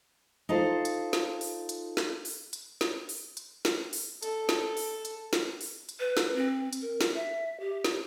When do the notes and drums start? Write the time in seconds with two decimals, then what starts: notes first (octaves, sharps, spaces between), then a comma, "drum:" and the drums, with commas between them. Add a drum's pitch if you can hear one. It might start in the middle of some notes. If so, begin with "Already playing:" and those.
0.49 D#4 F4 A4 C5
0.85 drum: hi-hat
1.13 drum: snare
1.41 drum: open hi-hat
1.69 drum: hi-hat
1.97 drum: snare
2.25 drum: open hi-hat
2.53 drum: hi-hat
2.81 drum: snare
3.09 drum: open hi-hat
3.37 drum: hi-hat
3.65 drum: snare
3.93 drum: open hi-hat
4.22 A4, drum: hi-hat
4.49 drum: snare
4.77 drum: open hi-hat
5.05 drum: hi-hat
5.33 drum: snare
5.61 drum: open hi-hat
5.89 drum: hi-hat
6.00 B4
6.17 drum: snare
6.36 C4
6.73 drum: hi-hat
6.82 A#4
7.01 drum: snare
7.15 E5
7.60 G4
7.84 drum: snare